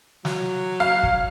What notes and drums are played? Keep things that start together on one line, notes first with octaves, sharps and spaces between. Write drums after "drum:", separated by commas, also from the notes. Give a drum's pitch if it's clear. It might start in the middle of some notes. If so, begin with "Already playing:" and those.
F#3, drum: snare
F5
drum: kick